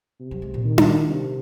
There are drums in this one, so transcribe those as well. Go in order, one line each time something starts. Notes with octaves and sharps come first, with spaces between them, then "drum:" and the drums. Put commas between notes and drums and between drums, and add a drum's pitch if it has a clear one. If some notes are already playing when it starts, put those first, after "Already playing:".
C3
F#3
G#3
A#2
D#3
drum: tom D4
C3